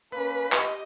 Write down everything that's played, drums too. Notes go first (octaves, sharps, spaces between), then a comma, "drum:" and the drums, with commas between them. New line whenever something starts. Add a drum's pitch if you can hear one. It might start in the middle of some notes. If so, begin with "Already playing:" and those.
A#3 C#4 B4
G4 D#5, drum: clap